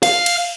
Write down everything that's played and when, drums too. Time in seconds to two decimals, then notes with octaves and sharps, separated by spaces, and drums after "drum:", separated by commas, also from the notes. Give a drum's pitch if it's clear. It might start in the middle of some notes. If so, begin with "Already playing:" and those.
0.03 F5, drum: cymbal
0.26 drum: cymbal